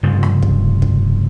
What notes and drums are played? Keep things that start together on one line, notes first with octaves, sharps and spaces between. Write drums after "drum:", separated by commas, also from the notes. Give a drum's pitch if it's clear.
F1 G2 C#3 F3
drum: rim click
drum: kick
drum: kick